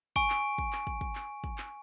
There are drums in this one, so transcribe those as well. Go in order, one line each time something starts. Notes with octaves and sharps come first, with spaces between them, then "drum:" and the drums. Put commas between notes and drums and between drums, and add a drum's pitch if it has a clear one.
G#5 C#6 D7, drum: kick
drum: clap
drum: kick
drum: clap
drum: kick
drum: kick
drum: clap
drum: kick
drum: clap